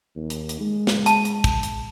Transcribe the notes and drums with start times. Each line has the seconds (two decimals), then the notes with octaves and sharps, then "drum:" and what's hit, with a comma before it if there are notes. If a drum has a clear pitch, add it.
0.16 D#2
0.30 drum: hi-hat
0.49 drum: hi-hat
0.60 G#3
0.87 drum: snare
1.06 A5, drum: hi-hat
1.25 drum: hi-hat
1.44 drum: kick, hi-hat
1.63 drum: hi-hat